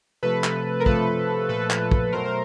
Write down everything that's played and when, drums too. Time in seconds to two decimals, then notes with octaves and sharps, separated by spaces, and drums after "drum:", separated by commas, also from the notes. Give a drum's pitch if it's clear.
0.23 C3 F3 A3 A4 B4
0.44 drum: clap
0.80 A#4
0.86 C3 F3 A3 A4 B4, drum: kick
1.49 A#2 F3 A3 A4 B4
1.70 drum: clap
1.92 drum: kick
2.12 B2 F#3 A3 A#4 C5
2.25 C5